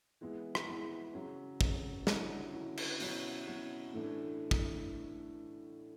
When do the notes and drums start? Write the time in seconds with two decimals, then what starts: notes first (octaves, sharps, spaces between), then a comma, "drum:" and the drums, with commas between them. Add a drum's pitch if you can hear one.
0.21 E3 G#3 B3 E4
0.55 drum: rim click
0.67 E3 G#3 B3 E4
1.14 C#3 F#3 C#4
1.61 C#3 F#3 C#4, drum: kick
2.07 D3 F#3 C#4 E4, drum: snare
2.53 D3 F#3 C#4 E4
2.77 drum: cymbal
3.00 B2 F#3 C#4 E4, drum: open hi-hat
3.47 B2 F#3 C#4 E4
3.93 A2 E3 A3 D4
4.51 drum: kick